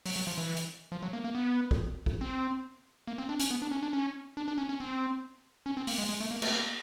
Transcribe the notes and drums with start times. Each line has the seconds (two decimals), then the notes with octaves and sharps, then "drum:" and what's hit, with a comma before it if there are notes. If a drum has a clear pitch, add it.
0.06 F#3, drum: open hi-hat
0.16 F#3
0.27 F3
0.38 E3
0.57 drum: hi-hat
0.92 F3
1.02 F#3
1.13 A#3
1.24 A#3
1.35 B3
1.71 drum: kick
2.06 drum: kick
2.21 C4
3.07 A#3
3.18 C4
3.29 D4
3.40 C#4, drum: hi-hat
3.51 B3
3.62 D4
3.71 C#4
3.83 D4
3.93 C#4
4.37 D4
4.48 D4
4.58 C#4
4.69 C#4
4.80 C4
5.66 C#4
5.77 C4
5.87 A#3, drum: open hi-hat
5.98 G#3
6.09 G#3
6.20 A3
6.31 A#3
6.42 A3, drum: cymbal
6.52 A#3